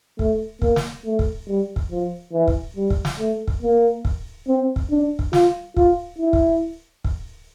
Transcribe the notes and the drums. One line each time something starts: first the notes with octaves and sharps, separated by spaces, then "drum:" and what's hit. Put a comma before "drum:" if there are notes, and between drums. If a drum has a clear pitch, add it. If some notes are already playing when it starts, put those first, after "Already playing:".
A3, drum: kick
A#3, drum: kick
drum: snare
A3
drum: kick
G3
drum: kick
F3
E3
drum: kick
G3
drum: kick
drum: snare
A3
drum: kick
A#3
drum: kick
C4
drum: kick
D4
drum: kick
F4, drum: snare
F4, drum: kick
E4
drum: kick
drum: kick